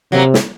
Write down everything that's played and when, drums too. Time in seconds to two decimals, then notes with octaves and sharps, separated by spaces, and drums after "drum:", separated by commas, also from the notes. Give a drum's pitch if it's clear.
0.12 C3 F#3 A#3
0.34 drum: snare